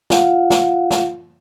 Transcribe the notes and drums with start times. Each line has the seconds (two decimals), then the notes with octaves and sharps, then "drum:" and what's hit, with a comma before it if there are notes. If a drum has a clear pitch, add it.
0.10 F4 F5 F#5, drum: snare
0.50 drum: snare
0.91 drum: snare